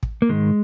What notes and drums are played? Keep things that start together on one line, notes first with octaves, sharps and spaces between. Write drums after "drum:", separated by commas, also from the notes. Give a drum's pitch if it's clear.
drum: kick
A#3
G#2 D#3 G#3